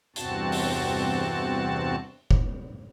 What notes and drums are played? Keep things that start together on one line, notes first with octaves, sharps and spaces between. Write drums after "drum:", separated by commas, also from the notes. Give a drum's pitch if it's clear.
E2 G2 C3 C4 F#4 A5, drum: hi-hat
drum: open hi-hat
drum: kick F1